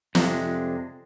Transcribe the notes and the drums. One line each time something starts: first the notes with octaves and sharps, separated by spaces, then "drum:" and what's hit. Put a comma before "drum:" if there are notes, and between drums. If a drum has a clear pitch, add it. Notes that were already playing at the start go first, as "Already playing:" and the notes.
F2 C3 G#3 D4, drum: snare